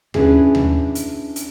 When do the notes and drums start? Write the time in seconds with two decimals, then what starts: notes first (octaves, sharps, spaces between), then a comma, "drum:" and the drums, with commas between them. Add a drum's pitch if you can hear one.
0.14 C#4 D4 E4 G#4 B4, drum: tom D#2
0.55 drum: tom D#2
0.95 drum: hi-hat
1.36 drum: hi-hat